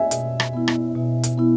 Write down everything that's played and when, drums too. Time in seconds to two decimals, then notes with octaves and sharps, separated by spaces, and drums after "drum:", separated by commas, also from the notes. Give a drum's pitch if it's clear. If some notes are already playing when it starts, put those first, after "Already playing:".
Already playing: E5 G#5
0.11 B2, drum: hi-hat
0.40 drum: rim click
0.53 B3 E4
0.68 drum: rim click
0.96 B2
1.23 drum: hi-hat
1.38 B3 E4